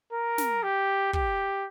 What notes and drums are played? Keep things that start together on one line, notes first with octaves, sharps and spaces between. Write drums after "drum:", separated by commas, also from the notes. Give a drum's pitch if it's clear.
A#4
drum: snare
G4
G4, drum: kick